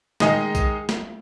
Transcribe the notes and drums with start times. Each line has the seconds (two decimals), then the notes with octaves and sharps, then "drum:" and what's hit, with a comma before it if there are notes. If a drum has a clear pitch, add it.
0.20 D#3 G#3 D#4 G#4 D#5, drum: snare
0.55 drum: kick, tambourine
0.89 drum: snare